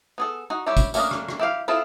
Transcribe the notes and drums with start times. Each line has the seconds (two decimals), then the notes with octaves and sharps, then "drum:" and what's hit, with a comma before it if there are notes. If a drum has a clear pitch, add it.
0.18 B3 G#4 A4
0.50 D#4 F#4
0.66 G3 G4 C#5 E5
0.77 drum: kick, tambourine
0.94 A3 A#3 C#4 D4 D#5, drum: tambourine
1.11 drum: rim click
1.29 drum: rim click
1.39 E4 G4 F5
1.68 C4 E4 F4 G#4 A4